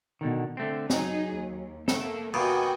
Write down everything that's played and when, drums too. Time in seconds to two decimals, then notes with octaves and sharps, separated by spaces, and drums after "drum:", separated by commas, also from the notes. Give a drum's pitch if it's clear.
0.21 B2 D3 D#3
0.57 D3 A3 C4
0.90 F#3 D#4 G#4, drum: snare
1.35 D#2
1.88 A3 A#3 A4, drum: snare
2.34 D#2 B2 F#4 G5 G#5